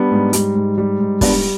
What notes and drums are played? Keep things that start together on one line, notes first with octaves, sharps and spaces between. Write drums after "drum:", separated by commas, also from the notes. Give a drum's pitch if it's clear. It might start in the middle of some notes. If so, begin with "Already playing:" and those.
Already playing: G3 B3 D4
G#2
G3, drum: hi-hat
G#2
G3
G#2
G3 B3 D4, drum: kick, open hi-hat